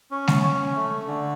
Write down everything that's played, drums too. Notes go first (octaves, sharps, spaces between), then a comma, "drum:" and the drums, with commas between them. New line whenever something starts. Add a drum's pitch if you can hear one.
C#4
drum: snare G#3
C#4
A3
D3